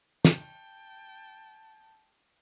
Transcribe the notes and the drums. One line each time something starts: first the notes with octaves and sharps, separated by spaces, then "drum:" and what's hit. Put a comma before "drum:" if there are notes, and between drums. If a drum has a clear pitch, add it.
G5 A5, drum: snare